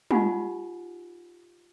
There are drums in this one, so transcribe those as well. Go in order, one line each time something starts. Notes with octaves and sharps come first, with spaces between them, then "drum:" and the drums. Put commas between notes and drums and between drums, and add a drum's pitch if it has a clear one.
D#4 F4 G4 F#5 G#5 B5, drum: tom